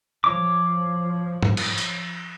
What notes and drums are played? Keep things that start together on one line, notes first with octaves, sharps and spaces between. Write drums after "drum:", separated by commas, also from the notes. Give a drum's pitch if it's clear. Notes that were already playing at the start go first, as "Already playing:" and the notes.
F3 C#5 D6
drum: tom
drum: cymbal
drum: tambourine